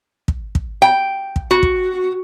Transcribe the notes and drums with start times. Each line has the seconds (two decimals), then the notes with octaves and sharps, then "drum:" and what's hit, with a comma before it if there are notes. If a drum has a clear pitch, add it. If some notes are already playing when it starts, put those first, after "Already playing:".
0.28 drum: kick
0.55 drum: kick
0.82 G5
1.36 drum: kick
1.51 F#4
1.63 drum: kick